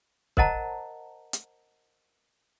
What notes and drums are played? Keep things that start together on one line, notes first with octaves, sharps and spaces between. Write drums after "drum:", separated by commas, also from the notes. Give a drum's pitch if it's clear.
A#4 C5 D#5 F#5 A5 A#5, drum: kick
drum: hi-hat